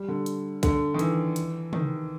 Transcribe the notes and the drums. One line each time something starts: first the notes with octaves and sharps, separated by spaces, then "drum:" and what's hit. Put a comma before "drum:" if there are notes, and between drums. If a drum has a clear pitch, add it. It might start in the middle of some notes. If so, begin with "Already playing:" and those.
Already playing: G3
D3
drum: hi-hat
D3, drum: kick B1, hi-hat
D#3
E3, drum: hi-hat
drum: hi-hat
D#3, drum: tom